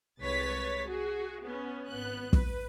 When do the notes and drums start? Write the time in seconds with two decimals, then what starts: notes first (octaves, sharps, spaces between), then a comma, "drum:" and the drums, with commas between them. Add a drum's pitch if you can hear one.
0.20 C2 G#3 B4 C#5 A6 B6
0.84 F#4 G#4
1.43 B3 C#4
1.89 G#1 B3 F#6
2.33 B4, drum: kick